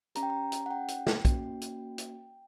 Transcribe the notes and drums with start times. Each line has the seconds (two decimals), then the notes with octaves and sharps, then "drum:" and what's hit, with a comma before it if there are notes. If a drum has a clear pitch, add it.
0.15 C#4 G4 A#5, drum: hi-hat
0.23 G5
0.30 A#5
0.52 drum: hi-hat
0.66 F#5
0.71 G5
0.88 drum: hi-hat
1.07 drum: snare
1.25 A#3 C#4 F#4, drum: kick B1, hi-hat
1.61 drum: hi-hat
1.98 drum: hi-hat